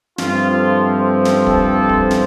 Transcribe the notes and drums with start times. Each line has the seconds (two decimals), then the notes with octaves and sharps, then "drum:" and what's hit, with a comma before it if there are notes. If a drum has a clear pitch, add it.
0.18 G2 F3 A3 C4 F4, drum: snare
0.50 F4
1.25 drum: snare
1.47 A4, drum: kick
1.89 drum: kick
2.11 drum: snare